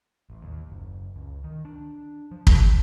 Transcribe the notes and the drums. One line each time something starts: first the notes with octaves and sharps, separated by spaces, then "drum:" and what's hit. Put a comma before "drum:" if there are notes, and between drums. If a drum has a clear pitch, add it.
A1
D#2
F#1
C#2
D#3
D4
F3
drum: kick